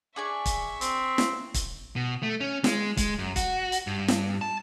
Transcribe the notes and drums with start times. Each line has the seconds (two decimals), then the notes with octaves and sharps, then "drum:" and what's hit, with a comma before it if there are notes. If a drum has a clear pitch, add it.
0.16 D4 G#4 D5 E5 C#6
0.46 drum: kick, hi-hat
0.81 C4, drum: hi-hat
1.18 drum: snare
1.54 drum: kick, hi-hat
1.96 B2
2.23 A3
2.40 C#4
2.64 G#3, drum: snare
2.97 G#3, drum: kick, hi-hat
3.18 F#2
3.36 F#4, drum: kick, hi-hat
3.72 drum: hi-hat
3.87 G2
4.08 drum: snare
4.41 A5